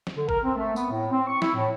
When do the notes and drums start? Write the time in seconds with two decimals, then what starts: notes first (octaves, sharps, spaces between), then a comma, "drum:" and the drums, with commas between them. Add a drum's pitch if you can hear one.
0.07 drum: snare
0.16 D3
0.29 A#4, drum: kick
0.44 C4
0.56 A3
0.76 B3, drum: tambourine
0.91 A2
1.11 C4
1.28 C#6
1.42 E4, drum: snare
1.56 A2